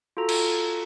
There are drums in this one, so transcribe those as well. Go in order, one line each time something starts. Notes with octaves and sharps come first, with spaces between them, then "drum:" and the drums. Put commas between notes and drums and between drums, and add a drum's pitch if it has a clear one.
F4 F#4 A4 A#5
drum: cymbal